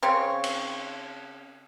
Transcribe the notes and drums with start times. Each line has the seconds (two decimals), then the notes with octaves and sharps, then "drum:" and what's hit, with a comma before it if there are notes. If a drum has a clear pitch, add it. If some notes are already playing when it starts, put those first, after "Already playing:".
0.03 C#3 C4 C#5
0.44 drum: cymbal